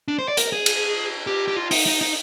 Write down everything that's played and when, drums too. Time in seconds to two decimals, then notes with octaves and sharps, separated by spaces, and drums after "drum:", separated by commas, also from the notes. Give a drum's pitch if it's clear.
0.08 D4
0.19 C5
0.28 D5
0.37 A#4, drum: hi-hat
0.52 G#4
0.66 drum: cymbal
1.27 G4
1.48 G4
1.56 F4
1.71 D#4, drum: open hi-hat
1.86 D#4
2.01 D#4